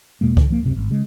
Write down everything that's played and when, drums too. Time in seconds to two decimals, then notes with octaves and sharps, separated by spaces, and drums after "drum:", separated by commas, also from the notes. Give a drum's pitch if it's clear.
0.21 E2 B2 G#3 A#3
0.37 D3, drum: kick C#2
0.50 F3 A#3
0.63 E1 C2 F#2 C3
0.76 G#1
0.91 C#3 G#3